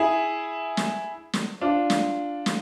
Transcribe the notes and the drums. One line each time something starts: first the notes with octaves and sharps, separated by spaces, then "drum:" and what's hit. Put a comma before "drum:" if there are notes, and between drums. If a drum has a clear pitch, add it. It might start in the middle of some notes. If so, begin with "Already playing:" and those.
Already playing: E4 G#4
drum: snare
drum: snare
D4 F4
drum: snare
drum: snare